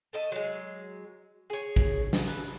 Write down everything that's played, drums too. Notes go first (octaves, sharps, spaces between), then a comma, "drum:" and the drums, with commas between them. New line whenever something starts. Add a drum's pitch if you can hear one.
A3 D#5 A5
F#3 G#3
G#4 C#5
drum: kick
drum: snare
B4, drum: hi-hat